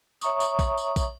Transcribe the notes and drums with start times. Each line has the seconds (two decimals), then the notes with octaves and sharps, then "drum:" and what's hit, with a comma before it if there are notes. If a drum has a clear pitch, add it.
0.21 C#5 E5 A#5 C#6 D#6, drum: tambourine
0.40 drum: tambourine
0.59 drum: kick, tambourine
0.78 drum: tambourine
0.96 drum: kick, tambourine